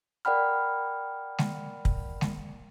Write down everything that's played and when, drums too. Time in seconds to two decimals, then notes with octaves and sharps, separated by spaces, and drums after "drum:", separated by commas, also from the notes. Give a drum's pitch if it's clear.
0.25 A#4 D5 F#5 G5 B5 F6
1.38 drum: snare G#3
1.85 drum: kick
2.21 drum: snare G#3